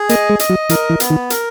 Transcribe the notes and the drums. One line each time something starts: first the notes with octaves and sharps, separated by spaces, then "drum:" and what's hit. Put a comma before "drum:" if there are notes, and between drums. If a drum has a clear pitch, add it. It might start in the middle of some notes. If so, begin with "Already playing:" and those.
Already playing: G#4
A#3 D#5, drum: hi-hat
G#3
D#5, drum: hi-hat
F#3
E3 A#4, drum: hi-hat
E3
B3, drum: hi-hat
D#3
A#4, drum: hi-hat